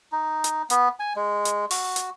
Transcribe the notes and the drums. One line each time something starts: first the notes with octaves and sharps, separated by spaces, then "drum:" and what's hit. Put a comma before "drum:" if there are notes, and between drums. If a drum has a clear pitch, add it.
D#4
drum: hi-hat
B3, drum: hi-hat
G#5
G#3
drum: hi-hat
F#4, drum: open hi-hat
drum: hi-hat